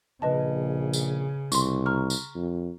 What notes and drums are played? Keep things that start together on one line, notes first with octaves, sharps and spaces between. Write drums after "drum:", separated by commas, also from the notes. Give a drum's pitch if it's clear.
A#1 C#3 B4 D#5 A5
drum: tambourine
C2 C6 C#6, drum: tambourine
A#5 C#6 F6
drum: tambourine
F2